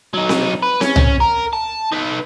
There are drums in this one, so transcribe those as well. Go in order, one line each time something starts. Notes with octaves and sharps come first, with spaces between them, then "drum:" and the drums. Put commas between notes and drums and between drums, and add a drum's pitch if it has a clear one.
F#3 D#4
drum: snare C4
B4
C#4, drum: snare C4
drum: tom C2
A#4
A5
D#4 B4